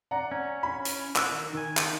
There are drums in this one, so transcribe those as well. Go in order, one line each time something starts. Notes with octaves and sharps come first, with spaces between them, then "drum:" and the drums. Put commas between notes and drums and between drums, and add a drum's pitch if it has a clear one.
D5 F#5 A#5
C#4
B5
drum: hi-hat
F#4 E6 F#6, drum: clap
D#3
D#3 G#5
drum: clap